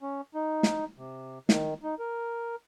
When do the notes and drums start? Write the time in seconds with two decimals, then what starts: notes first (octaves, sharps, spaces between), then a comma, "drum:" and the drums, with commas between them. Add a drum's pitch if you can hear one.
0.01 C#4
0.34 D#4
0.63 drum: snare
0.98 C3
1.49 D#3, drum: snare
1.83 D#4
1.99 A#4